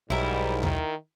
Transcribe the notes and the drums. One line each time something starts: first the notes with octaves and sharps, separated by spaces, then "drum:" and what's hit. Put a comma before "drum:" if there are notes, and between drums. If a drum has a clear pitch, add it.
B1 G#2 G3 E4 A#4
D#3, drum: tom D#2